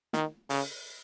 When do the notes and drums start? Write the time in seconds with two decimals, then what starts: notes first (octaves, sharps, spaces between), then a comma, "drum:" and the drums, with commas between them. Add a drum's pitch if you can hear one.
0.13 D#3, drum: snare
0.50 C#3, drum: open hi-hat